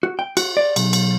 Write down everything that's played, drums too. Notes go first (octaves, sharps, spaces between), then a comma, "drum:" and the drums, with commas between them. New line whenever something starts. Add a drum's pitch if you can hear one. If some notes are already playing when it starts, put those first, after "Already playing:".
F#4
G5
F#4, drum: cymbal
D5
B1, drum: cymbal
drum: cymbal